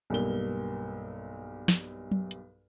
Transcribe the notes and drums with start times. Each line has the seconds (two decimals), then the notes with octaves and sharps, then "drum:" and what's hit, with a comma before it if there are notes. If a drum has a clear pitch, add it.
0.10 B1 G2 A#3 G7
1.68 drum: snare
2.11 drum: tom F#3
2.31 drum: hi-hat